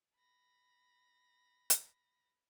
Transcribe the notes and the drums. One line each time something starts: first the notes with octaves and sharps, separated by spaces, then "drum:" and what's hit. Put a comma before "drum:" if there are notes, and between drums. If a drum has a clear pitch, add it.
B5 A#6
drum: hi-hat